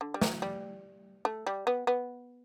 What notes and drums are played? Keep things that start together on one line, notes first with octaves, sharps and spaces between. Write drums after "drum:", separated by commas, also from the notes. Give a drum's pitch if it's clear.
D3
G3
F#3, drum: snare
G3
A3
G3
B3
B3